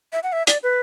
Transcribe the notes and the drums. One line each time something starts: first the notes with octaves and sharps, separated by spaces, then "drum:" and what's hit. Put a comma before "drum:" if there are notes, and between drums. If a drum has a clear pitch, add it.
E5
F#5
E5
D5, drum: hi-hat
B4